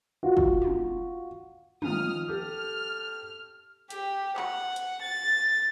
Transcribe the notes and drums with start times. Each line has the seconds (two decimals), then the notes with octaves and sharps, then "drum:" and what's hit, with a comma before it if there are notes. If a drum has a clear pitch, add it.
0.23 F4 F#4
0.37 drum: kick
0.62 drum: tom
1.82 D#3 F3 D#6 F6, drum: tom
2.28 G4 A4 F6
3.90 G4, drum: hi-hat
4.37 F#5, drum: clap
4.76 drum: hi-hat
5.02 A6